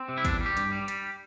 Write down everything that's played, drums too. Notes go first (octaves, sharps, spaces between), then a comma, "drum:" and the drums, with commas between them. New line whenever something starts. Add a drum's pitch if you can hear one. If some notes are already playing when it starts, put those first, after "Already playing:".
Already playing: C4
C3
E4
E2 D4, drum: kick, hi-hat
G3
G4
G2, drum: hi-hat
G3
G3, drum: hi-hat